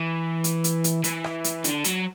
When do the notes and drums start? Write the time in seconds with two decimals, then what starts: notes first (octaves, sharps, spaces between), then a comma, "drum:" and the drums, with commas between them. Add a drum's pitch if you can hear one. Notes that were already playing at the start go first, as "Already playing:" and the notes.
Already playing: E3
0.44 drum: hi-hat
0.64 drum: hi-hat
0.84 drum: hi-hat
1.04 E3, drum: hi-hat
1.24 drum: rim click
1.44 drum: hi-hat
1.64 D3, drum: hi-hat
1.84 F#3, drum: hi-hat